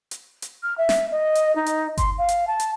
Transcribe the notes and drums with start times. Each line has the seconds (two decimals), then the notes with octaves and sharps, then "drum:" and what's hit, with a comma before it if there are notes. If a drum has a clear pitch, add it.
0.11 drum: hi-hat
0.42 drum: hi-hat
0.63 F6
0.78 E5
0.89 drum: snare
1.11 D#5
1.35 drum: hi-hat
1.56 D#4
1.66 drum: hi-hat
1.97 C6, drum: kick G1, hi-hat
2.18 F5
2.29 drum: hi-hat
2.47 A5
2.60 drum: hi-hat